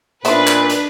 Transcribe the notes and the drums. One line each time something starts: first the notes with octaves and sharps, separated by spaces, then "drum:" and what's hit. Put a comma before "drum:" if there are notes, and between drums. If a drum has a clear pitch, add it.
A#2 B3 D4 D#4 B4 C5 E5, drum: hi-hat
drum: clap
drum: hi-hat